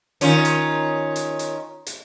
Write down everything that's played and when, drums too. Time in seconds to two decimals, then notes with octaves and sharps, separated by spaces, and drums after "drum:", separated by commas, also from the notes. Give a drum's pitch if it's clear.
0.21 D#3 C#4 F4, drum: hi-hat
0.45 drum: hi-hat
1.16 drum: hi-hat
1.39 drum: hi-hat
1.86 drum: hi-hat